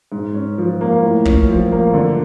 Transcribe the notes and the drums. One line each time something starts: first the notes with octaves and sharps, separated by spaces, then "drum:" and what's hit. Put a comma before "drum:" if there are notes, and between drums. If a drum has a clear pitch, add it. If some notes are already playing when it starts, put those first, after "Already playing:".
G#2
C#4
F3
A#3
A2
C#4, drum: kick
F3
A#3
D3